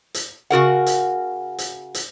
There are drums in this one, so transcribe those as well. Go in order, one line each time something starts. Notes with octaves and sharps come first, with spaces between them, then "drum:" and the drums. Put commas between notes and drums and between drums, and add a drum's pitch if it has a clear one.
drum: hi-hat
C#3 F#4 A#4 F#5
drum: hi-hat
drum: hi-hat
drum: hi-hat